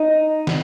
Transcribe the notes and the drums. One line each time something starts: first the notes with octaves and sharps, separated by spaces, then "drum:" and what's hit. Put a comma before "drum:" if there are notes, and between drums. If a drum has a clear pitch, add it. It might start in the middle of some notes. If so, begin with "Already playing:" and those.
Already playing: D#4
drum: snare